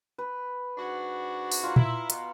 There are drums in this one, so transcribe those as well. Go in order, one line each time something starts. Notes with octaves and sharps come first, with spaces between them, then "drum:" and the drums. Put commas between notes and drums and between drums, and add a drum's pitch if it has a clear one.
B4
G#2 D4 F#4
drum: open hi-hat
F4 A#5
E4, drum: tom A#2
B2, drum: hi-hat